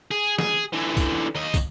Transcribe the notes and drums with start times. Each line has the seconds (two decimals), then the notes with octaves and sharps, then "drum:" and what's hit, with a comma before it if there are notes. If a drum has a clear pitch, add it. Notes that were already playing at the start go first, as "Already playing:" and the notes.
0.11 G#4
0.39 G#4, drum: snare
0.73 D3 E3
0.97 drum: kick, tambourine
1.35 D#2 D#5
1.54 drum: kick, tambourine